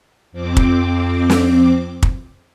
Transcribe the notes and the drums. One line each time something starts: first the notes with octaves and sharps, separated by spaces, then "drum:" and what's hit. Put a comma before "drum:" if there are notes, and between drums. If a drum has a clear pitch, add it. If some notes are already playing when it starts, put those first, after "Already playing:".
F2 C4 D6
drum: kick
drum: snare
drum: kick